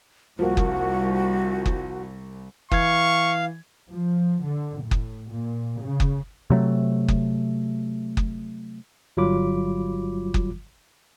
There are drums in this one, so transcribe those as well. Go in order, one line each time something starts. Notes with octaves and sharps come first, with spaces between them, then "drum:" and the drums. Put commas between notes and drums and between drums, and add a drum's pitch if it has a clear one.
C2 F3 A#3 F#4
drum: kick F#1
drum: kick F#1
E3 F5 C#6 G#6, drum: kick F#1
F3
D3
A2
drum: kick F#1
A#2
C#3
drum: kick F#1
C3 F#3 A3
drum: kick F#1
drum: kick F#1
G1 F#3 G3 F4 B5 D6
drum: kick F#1